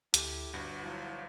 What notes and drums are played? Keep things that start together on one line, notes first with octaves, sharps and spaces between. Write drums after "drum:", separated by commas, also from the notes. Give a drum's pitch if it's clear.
D2 A2 E4 G4, drum: hi-hat
G1 G2 F#4 A#6
F3 F#3 E4 F5